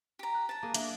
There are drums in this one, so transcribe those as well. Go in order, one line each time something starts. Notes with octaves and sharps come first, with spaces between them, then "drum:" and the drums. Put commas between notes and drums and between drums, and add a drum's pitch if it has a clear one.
G4 A#5
F#6
A5 A#5
A#3 G#4
A#3 D4 E5, drum: hi-hat